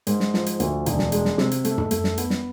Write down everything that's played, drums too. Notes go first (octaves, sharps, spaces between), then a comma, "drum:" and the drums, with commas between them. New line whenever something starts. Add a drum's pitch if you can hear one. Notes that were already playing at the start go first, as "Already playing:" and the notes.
G#2, drum: hi-hat
drum: snare
F3, drum: snare
drum: hi-hat
D2, drum: hi-hat
E1, drum: hi-hat
drum: snare
G#3, drum: hi-hat
drum: snare
C3, drum: snare
drum: hi-hat
A3, drum: hi-hat
drum: tom
A3, drum: hi-hat
drum: snare
B3, drum: hi-hat
drum: snare